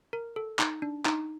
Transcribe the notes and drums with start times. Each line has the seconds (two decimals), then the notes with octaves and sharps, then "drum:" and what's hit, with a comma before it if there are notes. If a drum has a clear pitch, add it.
0.13 A#4
0.36 A4
0.59 D#4, drum: clap
0.82 D4
1.06 D#4, drum: clap